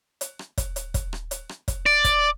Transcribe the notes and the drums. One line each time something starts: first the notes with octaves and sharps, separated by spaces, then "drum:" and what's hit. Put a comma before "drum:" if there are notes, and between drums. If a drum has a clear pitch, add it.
drum: hi-hat
drum: rim click
drum: kick, hi-hat
drum: hi-hat
drum: kick, hi-hat
drum: rim click
drum: hi-hat
drum: rim click
drum: kick, hi-hat
D5
drum: kick, hi-hat